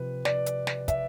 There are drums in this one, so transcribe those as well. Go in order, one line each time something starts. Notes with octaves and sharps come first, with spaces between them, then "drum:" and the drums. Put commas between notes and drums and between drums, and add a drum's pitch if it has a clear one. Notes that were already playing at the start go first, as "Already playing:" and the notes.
Already playing: C3 F3 B4
D5, drum: snare
drum: hi-hat
drum: snare
E5, drum: kick, hi-hat